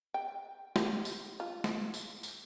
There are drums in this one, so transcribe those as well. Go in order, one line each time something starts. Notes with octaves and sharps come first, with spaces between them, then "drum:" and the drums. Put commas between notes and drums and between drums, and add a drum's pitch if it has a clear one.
G5
G4, drum: snare
drum: tambourine
F4
drum: snare
drum: tambourine
drum: tambourine